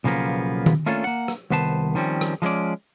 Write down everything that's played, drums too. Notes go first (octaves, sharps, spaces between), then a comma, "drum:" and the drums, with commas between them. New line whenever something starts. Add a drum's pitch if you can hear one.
B1 C#3 F3 A#3 B3
drum: tom D#3
A3 A#3 C#4 D4 F4 A4
A#3 F#5
drum: rim click
C2 D#3 B3 B4 C5 A5
D#3 F3 G3 C4 C#4
drum: rim click
F3 G#3 C#4 D5